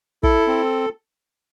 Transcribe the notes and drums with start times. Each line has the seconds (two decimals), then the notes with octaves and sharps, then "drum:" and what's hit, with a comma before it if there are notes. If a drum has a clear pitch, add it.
0.23 E4 A4, drum: kick
0.47 C4